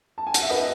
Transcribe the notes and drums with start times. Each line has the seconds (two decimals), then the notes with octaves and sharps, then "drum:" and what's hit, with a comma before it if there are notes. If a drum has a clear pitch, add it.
0.18 A5
0.27 G#5
0.34 F#5, drum: hi-hat
0.42 E5
0.50 B4 D#5